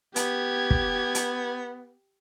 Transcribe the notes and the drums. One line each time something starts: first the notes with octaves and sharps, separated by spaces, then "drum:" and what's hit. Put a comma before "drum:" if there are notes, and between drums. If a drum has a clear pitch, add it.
B3 G4 G#6, drum: hi-hat
drum: kick
drum: hi-hat